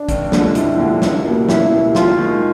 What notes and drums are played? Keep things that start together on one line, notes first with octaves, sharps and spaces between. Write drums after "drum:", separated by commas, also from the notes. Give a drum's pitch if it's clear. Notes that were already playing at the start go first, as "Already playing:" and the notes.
Already playing: D4
F1, drum: kick, hi-hat
D#2 D3 F3 G#3, drum: snare
F1 E4, drum: hi-hat
D#2 D3 F3 G#3
C#2, drum: snare
B2 G3 A#3
C#2 E4, drum: snare
B2 G3 A#3
D#2 F4, drum: snare
D#3 G#3